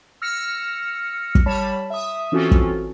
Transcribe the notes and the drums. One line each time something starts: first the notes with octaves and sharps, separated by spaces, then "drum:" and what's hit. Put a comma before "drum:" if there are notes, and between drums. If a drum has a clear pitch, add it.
E6 F6 A#6 C#7
drum: kick
G3 C#5 A5 B5
E5 D#6
E3 C4 C#4 F4 F#4 A4
drum: kick